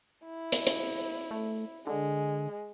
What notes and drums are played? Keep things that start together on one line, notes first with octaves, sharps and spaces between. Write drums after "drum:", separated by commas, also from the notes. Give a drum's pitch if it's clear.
E4
drum: hi-hat
drum: hi-hat
A3
D3 G#3